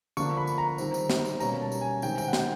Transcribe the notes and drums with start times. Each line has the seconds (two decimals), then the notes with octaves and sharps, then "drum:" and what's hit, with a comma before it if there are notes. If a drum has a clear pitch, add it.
0.17 D3 F3 A#3 D4 C#6, drum: tambourine
0.37 B5
0.47 drum: tambourine
0.58 A#5
0.78 D#3 G3 C4, drum: tambourine
0.94 drum: tambourine
1.10 drum: snare
1.25 drum: tambourine
1.40 B2 G3 A#3 C#4 A#5, drum: tambourine
1.62 A5
1.72 drum: tambourine
1.81 G#5
2.02 C3 D#3 G#3 C4 G5, drum: tambourine
2.18 G5, drum: tambourine
2.28 F#5
2.33 G5, drum: snare